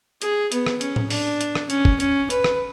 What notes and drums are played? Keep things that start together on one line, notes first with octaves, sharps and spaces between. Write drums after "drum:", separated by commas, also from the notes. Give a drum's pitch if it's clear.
G#4, drum: hi-hat
B3, drum: hi-hat
drum: rim click
C#4, drum: hi-hat
drum: tom A2
D4, drum: open hi-hat
drum: hi-hat
drum: rim click
C#4, drum: hi-hat
drum: kick
C#4, drum: hi-hat
B4, drum: hi-hat
drum: rim click